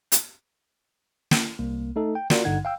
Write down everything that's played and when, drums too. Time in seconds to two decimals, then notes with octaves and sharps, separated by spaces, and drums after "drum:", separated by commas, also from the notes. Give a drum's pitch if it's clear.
0.12 drum: hi-hat
1.31 drum: snare
1.59 C2 A#3
1.96 A3 D#4 A4
2.15 G5
2.30 F4 F#4 A#4 D5, drum: snare
2.45 G#1 G2 D3 D#4 F#5 G#6
2.65 F5 G5 E6